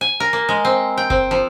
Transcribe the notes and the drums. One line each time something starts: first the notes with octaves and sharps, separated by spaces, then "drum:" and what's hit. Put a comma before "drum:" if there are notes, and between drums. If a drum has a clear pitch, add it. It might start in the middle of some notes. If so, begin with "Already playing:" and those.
G#5
A#4
A#3
G#3
C4
G5
C4, drum: kick F#1
F3